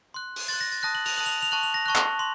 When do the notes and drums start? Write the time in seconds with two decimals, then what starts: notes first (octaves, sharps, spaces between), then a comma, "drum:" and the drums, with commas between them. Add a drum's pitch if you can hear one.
0.14 C6 F#6
0.36 drum: open hi-hat
0.48 C6 F#6 A6
0.61 A#6
0.72 A6
0.83 A5 D#6 F#6 A#6
0.95 F#7
1.06 F7, drum: open hi-hat
1.17 A5 D#6 F#6 F#7
1.26 F7
1.42 F7
1.52 A5 C#6 F#6 F#7
1.63 F7
1.74 A#6
1.86 A5 C#6 F#6
1.96 drum: clap
2.19 C6